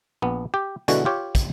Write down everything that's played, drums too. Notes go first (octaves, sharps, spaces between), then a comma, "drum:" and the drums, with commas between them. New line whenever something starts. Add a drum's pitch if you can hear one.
A#1 B3
G4
B2 D3 E3 G#3 F#4, drum: hi-hat
F4 G4 C#5
drum: kick, hi-hat